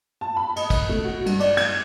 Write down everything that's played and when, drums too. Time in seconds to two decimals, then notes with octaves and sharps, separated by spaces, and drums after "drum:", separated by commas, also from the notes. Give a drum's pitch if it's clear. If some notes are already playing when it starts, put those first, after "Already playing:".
0.21 A5
0.37 B5
0.56 D#5, drum: cymbal
0.70 drum: kick, cymbal
0.89 A3
1.04 F#4
1.26 G2, drum: cymbal
1.40 D5, drum: cymbal
1.57 G#6, drum: cymbal